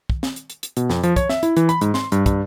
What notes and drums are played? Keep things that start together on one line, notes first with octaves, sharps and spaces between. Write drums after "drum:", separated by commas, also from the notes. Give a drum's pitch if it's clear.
drum: kick
drum: snare
drum: hi-hat
drum: hi-hat
drum: hi-hat
B2, drum: hi-hat
F2, drum: snare
F3, drum: hi-hat
C#5, drum: kick, hi-hat
E5, drum: snare
E4, drum: hi-hat
E3, drum: hi-hat
B5, drum: hi-hat
G#2, drum: hi-hat
C6, drum: snare
G2, drum: hi-hat
G2, drum: kick, hi-hat